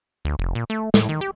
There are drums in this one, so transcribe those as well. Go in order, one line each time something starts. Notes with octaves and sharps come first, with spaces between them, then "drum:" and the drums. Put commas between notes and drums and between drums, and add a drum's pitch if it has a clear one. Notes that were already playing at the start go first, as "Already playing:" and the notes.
D2
F1
A#2
A3
A2, drum: snare
D#3
G4